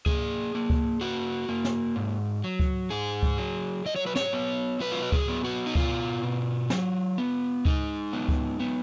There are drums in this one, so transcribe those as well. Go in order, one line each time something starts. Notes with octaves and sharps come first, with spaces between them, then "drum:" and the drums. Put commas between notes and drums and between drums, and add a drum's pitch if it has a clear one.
A#3 G#4, drum: kick C#2
A#3
drum: kick C#2
A#3 F#4
A#3
drum: snare
G#2
F#3
drum: kick C#2
G#2 G#4
drum: kick C#2
F#3
F#3 D#5
C#5
B4
C#5, drum: snare
B3
F#3 B4
F4
F#4
G#4, drum: kick C#2
B3
F#4
D#4
B2 F4, drum: kick C#2
B2
F#3, drum: snare
B3
G#3 D#4, drum: kick C#2
B3
drum: kick C#2
B3